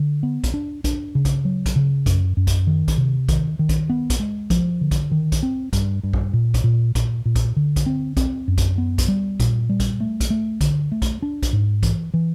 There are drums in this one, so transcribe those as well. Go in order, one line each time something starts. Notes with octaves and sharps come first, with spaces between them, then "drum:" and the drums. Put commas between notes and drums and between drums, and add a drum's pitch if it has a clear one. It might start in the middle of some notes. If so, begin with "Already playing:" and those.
Already playing: D3
B3
drum: kick A#1, hi-hat
D4
D4, drum: kick A#1, hi-hat
C#3
drum: kick A#1, hi-hat
F#3
drum: kick A#1, hi-hat
C#3
F#2, drum: kick A#1, hi-hat
F#2
drum: kick A#1, hi-hat
D#3
drum: kick A#1, hi-hat
C3
D#3, drum: kick A#1, hi-hat
D#3
drum: kick A#1, hi-hat
B3
drum: kick A#1, hi-hat
G#3
F3, drum: kick A#1, hi-hat
D3
drum: kick A#1, hi-hat
D#3
drum: kick A#1, hi-hat
C4
G2, drum: kick A#1, hi-hat
G2
drum: kick A#1
A#2
drum: kick A#1, hi-hat
A#2
A#2, drum: kick A#1, hi-hat
A#2
drum: kick A#1, hi-hat
D3
drum: kick A#1, hi-hat
C4
C4, drum: kick A#1, hi-hat
F#2
drum: kick A#1, hi-hat
B3
drum: kick A#1, hi-hat
G3
A#2, drum: kick A#1, hi-hat
G3
drum: kick A#1, hi-hat
A3
drum: kick A#1, hi-hat
A3
D3, drum: kick A#1, hi-hat
A3
drum: kick A#1, hi-hat
D4
drum: kick A#1, hi-hat
G#2
E3, drum: kick A#1, hi-hat
E3